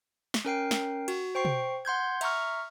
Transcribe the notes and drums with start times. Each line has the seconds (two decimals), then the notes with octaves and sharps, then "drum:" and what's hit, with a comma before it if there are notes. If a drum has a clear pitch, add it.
0.34 drum: snare
0.45 C#4 A#4 G5 C7
0.71 drum: snare
1.08 F#4, drum: cymbal
1.35 C5 G5 C#6 C7
1.45 drum: tom B2
1.85 F#5 C6 G6 G#6
2.21 E5 A#5 C#6 F6, drum: cymbal